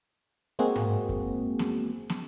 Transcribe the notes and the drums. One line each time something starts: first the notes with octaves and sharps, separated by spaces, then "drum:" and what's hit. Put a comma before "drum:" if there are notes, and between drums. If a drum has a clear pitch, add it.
G#3 A#3 C4 F#4 G#4
drum: tom G#2
drum: kick F#2
drum: snare
drum: snare